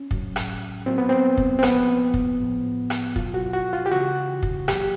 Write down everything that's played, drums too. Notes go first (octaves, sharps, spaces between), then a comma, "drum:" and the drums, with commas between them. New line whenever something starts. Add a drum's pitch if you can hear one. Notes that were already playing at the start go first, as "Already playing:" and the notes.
Already playing: C#4
A2 F#3, drum: kick
drum: rim click
A#2 F#3 C4
B3
C4
drum: kick
C4
A#2 F3 B3, drum: rim click
drum: kick
A2 F3
drum: rim click
B2 F#3 F4, drum: kick
F#4
F#4
F4
G4
C#3 E3 F#4
drum: kick
A#2 F#3 G4, drum: rim click